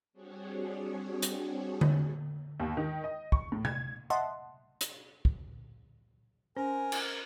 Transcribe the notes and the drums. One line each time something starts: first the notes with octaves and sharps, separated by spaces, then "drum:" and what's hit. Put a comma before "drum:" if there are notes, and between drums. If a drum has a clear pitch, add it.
G3 C4 D4 F#4 G#4 C#5
drum: hi-hat
drum: tom D3
D#2
D#3
D#5
C#6, drum: kick
A2
G#6, drum: tom C3
D#5 E5 F#5 A5 C6
drum: hi-hat
drum: kick
C#4 A#4 C5 G#5
drum: cymbal